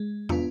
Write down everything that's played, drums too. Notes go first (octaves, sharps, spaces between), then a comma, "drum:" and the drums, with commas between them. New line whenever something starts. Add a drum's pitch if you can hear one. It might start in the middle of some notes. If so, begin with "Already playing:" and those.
Already playing: G#3
B3 D4 F4, drum: tom